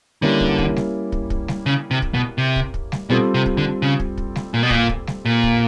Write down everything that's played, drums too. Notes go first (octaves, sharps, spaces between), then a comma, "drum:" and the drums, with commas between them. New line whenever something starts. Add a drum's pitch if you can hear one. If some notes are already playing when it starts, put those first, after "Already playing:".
D3 G3 A#3 C#4 E4
drum: kick
drum: kick
drum: snare G3
drum: kick
drum: kick
drum: snare G3
C#3
C3
drum: kick
B2
C3
drum: kick
drum: kick
drum: snare G3
B2 G3 C4 F4 A4
C3
drum: kick
D3
C#3
drum: kick
drum: kick
drum: snare G3
A#2
B2
A#2, drum: kick
drum: kick
drum: snare G3
A#2
drum: kick